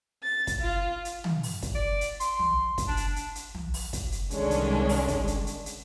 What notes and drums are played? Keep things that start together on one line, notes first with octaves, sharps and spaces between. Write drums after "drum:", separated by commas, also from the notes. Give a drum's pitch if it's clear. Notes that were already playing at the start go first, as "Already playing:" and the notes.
A6
drum: kick, hi-hat
F4
drum: hi-hat
drum: tom
drum: open hi-hat
drum: kick, hi-hat
D5
drum: hi-hat
C6, drum: hi-hat
drum: tom
drum: kick, hi-hat
D4
drum: hi-hat
drum: hi-hat
drum: hi-hat
drum: tom
drum: open hi-hat
drum: kick, hi-hat
drum: hi-hat
C2 D3 D#3 G#3 C#4 D4, drum: hi-hat
drum: hi-hat
drum: open hi-hat
drum: kick, hi-hat
drum: hi-hat
drum: hi-hat
drum: hi-hat